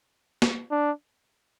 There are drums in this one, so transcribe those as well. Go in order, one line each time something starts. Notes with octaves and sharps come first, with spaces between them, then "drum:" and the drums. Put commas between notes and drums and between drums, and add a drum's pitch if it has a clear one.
drum: snare
D4